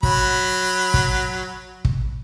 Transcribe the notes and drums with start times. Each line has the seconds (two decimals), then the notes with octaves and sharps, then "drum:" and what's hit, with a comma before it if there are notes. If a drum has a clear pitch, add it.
0.03 F#3 B5, drum: kick
0.94 drum: kick
1.85 drum: kick